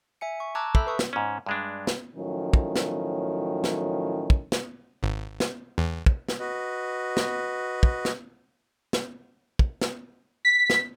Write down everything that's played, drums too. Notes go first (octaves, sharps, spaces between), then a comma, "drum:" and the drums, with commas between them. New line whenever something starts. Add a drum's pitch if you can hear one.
E5 G#5 C#7
C#6
A5 A#5 D6 E6 F#6 G#6
A4 E5 B5 E6 G6, drum: kick
B4 C#6 D#6
drum: snare
G#2 C#4
G2 G#3 D4
drum: snare
A2 D#3 F3 F#3 C#4
drum: kick
drum: snare
drum: snare
drum: kick
drum: snare
G#1
drum: snare
E2
drum: kick
drum: snare
F#4 B4 D#5
drum: snare
drum: kick
drum: snare
drum: snare
drum: kick
drum: snare
B6
drum: snare